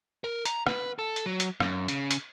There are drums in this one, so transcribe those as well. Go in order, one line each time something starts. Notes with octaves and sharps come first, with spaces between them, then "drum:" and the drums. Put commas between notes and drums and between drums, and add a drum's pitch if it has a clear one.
A#4
A#5, drum: hi-hat
B4, drum: rim click
A4
drum: hi-hat
F#3
drum: hi-hat
F#2, drum: rim click
C#3, drum: hi-hat
drum: hi-hat